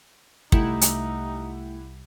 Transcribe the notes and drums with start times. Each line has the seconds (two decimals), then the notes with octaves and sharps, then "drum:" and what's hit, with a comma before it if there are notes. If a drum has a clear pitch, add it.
0.52 C2 A3 D#4 E4 G4 F#5, drum: kick
0.81 drum: hi-hat